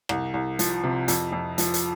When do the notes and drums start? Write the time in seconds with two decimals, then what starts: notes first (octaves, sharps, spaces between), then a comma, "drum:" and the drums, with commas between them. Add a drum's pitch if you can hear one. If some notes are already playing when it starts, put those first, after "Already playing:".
0.09 C2, drum: rim click
0.34 C2
0.59 F3, drum: hi-hat
0.84 C3
1.08 F2, drum: hi-hat
1.32 F2
1.58 F3, drum: hi-hat
1.74 drum: hi-hat